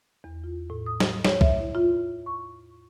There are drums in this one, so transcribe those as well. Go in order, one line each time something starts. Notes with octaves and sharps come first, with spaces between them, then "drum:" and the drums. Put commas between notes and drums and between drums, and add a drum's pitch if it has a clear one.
E2
F4
A2
D#6
drum: snare
C#5, drum: snare
E5, drum: kick B1
E4
F4
C#6